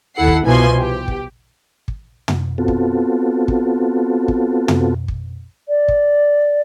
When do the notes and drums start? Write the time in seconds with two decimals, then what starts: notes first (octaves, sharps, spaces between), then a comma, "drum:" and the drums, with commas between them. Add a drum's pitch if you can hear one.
0.16 D#2 E4 A4 F#5 C7
0.28 drum: kick
0.45 C2 B2 E3 F3 G#5 C6
0.78 G4
1.08 drum: kick
1.88 drum: kick
2.28 drum: tom
2.58 B3 C4 F4 F#4 A4
2.68 drum: kick
3.48 drum: kick
4.28 drum: kick
4.68 drum: tom
5.08 drum: kick
5.68 D5
5.88 drum: kick